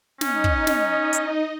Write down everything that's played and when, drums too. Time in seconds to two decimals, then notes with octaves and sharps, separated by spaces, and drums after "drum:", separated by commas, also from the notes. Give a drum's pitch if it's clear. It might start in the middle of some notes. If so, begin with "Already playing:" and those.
0.21 C#4 D#4 D#5, drum: snare
0.44 drum: kick
0.67 drum: snare
1.13 drum: hi-hat